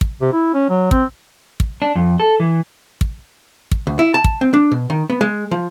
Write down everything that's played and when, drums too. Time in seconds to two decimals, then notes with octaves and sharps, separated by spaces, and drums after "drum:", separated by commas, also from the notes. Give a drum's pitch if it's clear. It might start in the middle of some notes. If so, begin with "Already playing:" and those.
0.01 drum: kick
0.21 C3
0.33 E4
0.54 C#4
0.70 F#3
0.91 C4, drum: kick
1.60 drum: kick
1.82 D4
1.95 F2
2.20 A4
2.40 E3
3.01 drum: kick
3.72 drum: kick
3.87 D2
3.99 E4
4.14 A5
4.24 drum: kick
4.41 C4
4.54 D4
4.72 B2
4.90 D#3
5.10 B3
5.21 G#3
5.51 F3